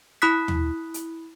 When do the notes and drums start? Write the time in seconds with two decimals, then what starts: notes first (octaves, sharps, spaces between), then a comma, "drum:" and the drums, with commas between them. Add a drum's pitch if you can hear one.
0.22 E4 B5 D#6 F#6 B6
0.48 drum: tom
0.94 drum: hi-hat